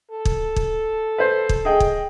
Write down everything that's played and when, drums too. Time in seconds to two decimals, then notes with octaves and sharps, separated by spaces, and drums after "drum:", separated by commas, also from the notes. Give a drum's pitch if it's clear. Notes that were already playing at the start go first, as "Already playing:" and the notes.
0.11 A4
0.25 drum: kick
0.56 drum: kick
1.18 B4 C5
1.49 drum: kick
1.65 G#4 D#5 G5
1.80 drum: kick